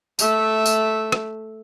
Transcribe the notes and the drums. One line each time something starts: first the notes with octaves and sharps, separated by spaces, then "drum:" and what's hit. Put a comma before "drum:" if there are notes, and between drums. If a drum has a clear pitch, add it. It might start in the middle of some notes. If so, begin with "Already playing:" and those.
A3 E5, drum: tambourine
drum: tambourine
drum: rim click